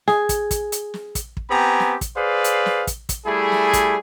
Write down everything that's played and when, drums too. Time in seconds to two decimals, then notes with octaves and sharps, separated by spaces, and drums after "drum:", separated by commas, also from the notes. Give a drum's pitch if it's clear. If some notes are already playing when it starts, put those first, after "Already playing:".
0.08 G#4, drum: snare
0.29 drum: kick, hi-hat
0.51 drum: kick, hi-hat
0.72 drum: hi-hat
0.94 drum: snare
1.15 drum: kick, hi-hat
1.37 drum: kick
1.50 B3 C4 G4 G#5 A#5
1.80 drum: snare
2.01 drum: kick, hi-hat
2.16 G#4 B4 C5 D5 F5
2.44 drum: hi-hat
2.66 drum: snare
2.87 drum: kick, hi-hat
3.09 drum: kick, hi-hat
3.26 G3 A3 E4 G#4
3.52 drum: snare
3.73 drum: kick, hi-hat